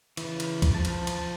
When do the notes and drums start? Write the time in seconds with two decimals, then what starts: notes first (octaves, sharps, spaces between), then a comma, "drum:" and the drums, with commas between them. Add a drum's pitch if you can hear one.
0.17 C#3 E3, drum: cymbal
0.40 drum: cymbal
0.62 drum: kick C2, cymbal
0.74 F3 A5
0.85 drum: cymbal
1.07 drum: cymbal